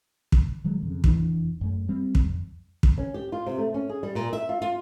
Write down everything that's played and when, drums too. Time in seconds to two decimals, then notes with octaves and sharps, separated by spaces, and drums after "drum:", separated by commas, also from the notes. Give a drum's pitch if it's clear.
0.32 drum: kick
0.64 B2 D#3 F#3 G#3
0.82 F2 C#3
1.04 F1 E2 E3 D4, drum: kick
1.61 F#2 A3
1.89 G3 C4
2.15 drum: kick
2.26 F2
2.83 drum: kick
2.98 C#4
3.14 G4
3.32 F4
3.46 C3
3.58 A3
3.74 C#4
3.89 G#4
4.03 G3
4.15 A#2
4.33 E5
4.49 F4
4.62 F4